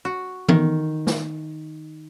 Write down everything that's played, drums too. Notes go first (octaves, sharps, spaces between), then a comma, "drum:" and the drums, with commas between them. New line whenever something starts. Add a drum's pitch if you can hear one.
F#4
D#3, drum: tom E3
drum: snare